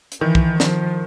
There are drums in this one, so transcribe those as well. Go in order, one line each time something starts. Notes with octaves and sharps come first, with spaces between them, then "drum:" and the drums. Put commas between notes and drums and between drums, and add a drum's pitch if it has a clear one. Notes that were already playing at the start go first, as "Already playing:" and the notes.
drum: hi-hat
D#3 E3
drum: kick
D#3 F3, drum: snare